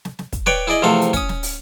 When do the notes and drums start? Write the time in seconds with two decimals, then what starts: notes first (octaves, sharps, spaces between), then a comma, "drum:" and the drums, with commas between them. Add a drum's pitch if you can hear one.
0.05 drum: snare
0.19 drum: snare
0.33 drum: kick, hi-hat
0.46 B4 C#5 D5 G5, drum: snare
0.67 E4 G#4 D5 D#5
0.82 E2 C3 F3 A3 A4 F5
1.01 drum: hi-hat
1.13 C#4 D#6, drum: kick, hi-hat
1.29 drum: snare
1.43 drum: open hi-hat